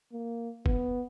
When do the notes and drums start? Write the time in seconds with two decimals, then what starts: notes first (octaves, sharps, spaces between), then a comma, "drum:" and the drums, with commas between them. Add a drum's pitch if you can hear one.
0.12 A#3
0.66 B3, drum: kick F1